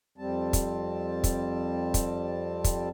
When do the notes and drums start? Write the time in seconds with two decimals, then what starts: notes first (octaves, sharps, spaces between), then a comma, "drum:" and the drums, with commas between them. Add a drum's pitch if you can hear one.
0.18 F2 G3 C4 A5
0.53 drum: kick, hi-hat
1.24 drum: kick, hi-hat
1.94 drum: kick, hi-hat
2.64 drum: kick, hi-hat